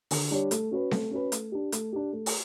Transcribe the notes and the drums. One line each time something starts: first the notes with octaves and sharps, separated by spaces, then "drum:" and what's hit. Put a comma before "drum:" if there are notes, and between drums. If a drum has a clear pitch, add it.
D3, drum: open hi-hat
G3 D4 G4 C#5
A3, drum: hi-hat
C#4 F#4 B4
A3, drum: snare C4
C#4 F#4 B4
A3, drum: hi-hat
D4 G4
A3, drum: hi-hat
D4 G4
A3
drum: open hi-hat